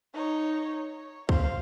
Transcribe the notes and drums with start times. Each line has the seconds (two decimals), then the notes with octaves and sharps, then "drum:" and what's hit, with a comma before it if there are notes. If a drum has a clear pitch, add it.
0.14 D#4 C#5
0.75 C#5
1.29 C5 F5, drum: kick